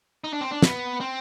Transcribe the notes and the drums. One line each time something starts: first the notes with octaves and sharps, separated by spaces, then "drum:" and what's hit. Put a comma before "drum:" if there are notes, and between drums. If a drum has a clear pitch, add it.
D#4
D4
C4
D4
B3, drum: snare
C4